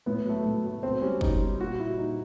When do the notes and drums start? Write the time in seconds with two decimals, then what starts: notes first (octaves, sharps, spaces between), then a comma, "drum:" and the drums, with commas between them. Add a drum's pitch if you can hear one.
0.06 A2 B3
0.25 F#3 A3
0.45 A2
0.64 F#3 A3
0.83 B2 C4
1.02 G3 C#4
1.21 B2 D#4, drum: kick
1.41 G3
1.60 A#2 F#4
1.80 G3 E4
1.98 A#2 D#4